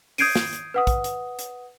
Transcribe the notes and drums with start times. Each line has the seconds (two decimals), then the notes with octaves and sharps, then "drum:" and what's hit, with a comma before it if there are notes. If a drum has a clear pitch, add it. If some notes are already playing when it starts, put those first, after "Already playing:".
0.18 D#6 G6 G#6 C7 D7 D#7, drum: open hi-hat
0.36 drum: snare
0.53 drum: hi-hat
0.74 B4 F#5 D#6
0.87 drum: kick, hi-hat
1.04 drum: hi-hat
1.39 drum: hi-hat